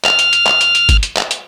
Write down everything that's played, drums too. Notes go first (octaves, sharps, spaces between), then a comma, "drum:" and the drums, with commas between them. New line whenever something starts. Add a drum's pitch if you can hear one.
F6, drum: clap
drum: hi-hat
drum: hi-hat
drum: clap
drum: hi-hat
drum: hi-hat
drum: kick, hi-hat
drum: hi-hat
drum: clap
drum: hi-hat